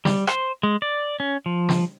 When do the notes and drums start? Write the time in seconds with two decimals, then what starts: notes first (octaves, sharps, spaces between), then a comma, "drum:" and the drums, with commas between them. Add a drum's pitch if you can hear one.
0.05 G3, drum: snare
0.27 C5, drum: rim click
0.63 G#3
0.82 D5
1.20 C#4
1.46 F3
1.69 drum: snare